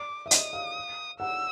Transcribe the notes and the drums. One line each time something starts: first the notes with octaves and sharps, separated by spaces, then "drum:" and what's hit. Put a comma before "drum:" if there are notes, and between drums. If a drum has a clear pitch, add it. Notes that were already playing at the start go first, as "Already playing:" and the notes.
Already playing: D5 D6
E5
D#5 D#6, drum: hi-hat
F5
F#5 E6